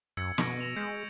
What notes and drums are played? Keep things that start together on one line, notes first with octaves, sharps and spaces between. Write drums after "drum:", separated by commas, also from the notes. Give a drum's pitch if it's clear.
F#2 E6 G#6 C#7
B2 C#6 A#6 D7, drum: snare
A#6 E7 F7
G#3 G6